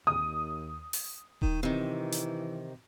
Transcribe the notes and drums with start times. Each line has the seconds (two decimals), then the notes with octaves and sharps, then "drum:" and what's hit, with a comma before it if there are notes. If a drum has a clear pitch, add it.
0.07 D#2 D#6
0.93 drum: open hi-hat
1.42 D#3, drum: kick D#1
1.63 C3 D#3 E3
2.12 drum: hi-hat